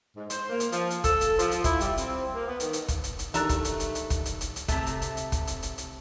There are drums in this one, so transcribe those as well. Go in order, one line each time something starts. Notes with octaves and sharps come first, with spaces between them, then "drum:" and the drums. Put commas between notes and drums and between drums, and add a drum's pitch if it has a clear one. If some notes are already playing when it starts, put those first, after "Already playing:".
G#2
C5, drum: hi-hat
A#3
drum: hi-hat
F3, drum: hi-hat
drum: hi-hat
A4, drum: kick, hi-hat
drum: hi-hat
F3, drum: hi-hat
drum: hi-hat
E4, drum: kick, hi-hat
G3, drum: hi-hat
C4, drum: hi-hat
A#3
B3
D#3, drum: hi-hat
drum: hi-hat
drum: kick, hi-hat
drum: hi-hat
drum: hi-hat
E3 A3 D4 D#4 G4 A#4 E5, drum: hi-hat
drum: kick, hi-hat
drum: hi-hat
drum: hi-hat
drum: hi-hat
drum: kick, hi-hat
drum: hi-hat
drum: hi-hat
drum: hi-hat
C3 A3, drum: kick, hi-hat
drum: hi-hat
drum: hi-hat
drum: hi-hat
drum: kick, hi-hat
drum: hi-hat
drum: hi-hat
drum: hi-hat